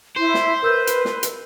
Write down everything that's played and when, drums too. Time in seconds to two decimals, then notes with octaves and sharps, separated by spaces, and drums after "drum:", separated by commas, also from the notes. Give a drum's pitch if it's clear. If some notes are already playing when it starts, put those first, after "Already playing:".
0.17 E4 C5
0.34 drum: snare
0.63 A#4 B4 E6 G6
0.87 drum: hi-hat
1.05 drum: snare
1.23 drum: hi-hat